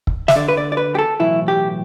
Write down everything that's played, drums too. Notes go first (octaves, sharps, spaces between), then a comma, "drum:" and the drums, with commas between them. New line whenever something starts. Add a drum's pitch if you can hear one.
drum: kick
E5, drum: snare
D2 D3 D5
B4
D5
D5
B4
G4
A4
B1 A2 E3 E4
G4